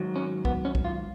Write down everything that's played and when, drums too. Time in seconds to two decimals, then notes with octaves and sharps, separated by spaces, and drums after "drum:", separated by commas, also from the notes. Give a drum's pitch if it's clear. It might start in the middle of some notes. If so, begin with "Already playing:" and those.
Already playing: G#2 D#3 F#3
0.16 C#4
0.45 B3, drum: kick
0.65 C#4
0.75 drum: kick
0.85 F4